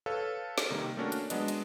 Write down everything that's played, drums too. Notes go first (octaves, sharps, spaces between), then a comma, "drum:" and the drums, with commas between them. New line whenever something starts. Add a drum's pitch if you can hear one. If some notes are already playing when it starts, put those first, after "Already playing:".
A4 B4 C#5 F5
drum: snare
C3 D#3 G3 A#3
A3 A#3 C#4 D4 F#4 A#4
drum: hi-hat
F#3 G#3 B3 D4 D#5, drum: hi-hat
drum: hi-hat